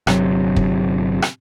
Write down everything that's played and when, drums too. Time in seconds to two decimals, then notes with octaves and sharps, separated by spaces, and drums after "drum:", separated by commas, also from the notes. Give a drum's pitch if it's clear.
0.07 G1 C3 F#3, drum: rim click
0.56 drum: kick
1.22 drum: rim click